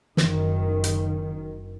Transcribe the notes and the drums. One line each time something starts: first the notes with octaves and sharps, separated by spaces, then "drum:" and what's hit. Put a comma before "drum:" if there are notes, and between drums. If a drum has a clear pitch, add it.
F#1 D#3, drum: snare
drum: hi-hat